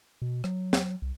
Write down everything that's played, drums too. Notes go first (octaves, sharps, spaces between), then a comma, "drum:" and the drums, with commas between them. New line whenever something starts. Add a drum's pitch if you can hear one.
B2
F#3, drum: rim click
drum: snare
C2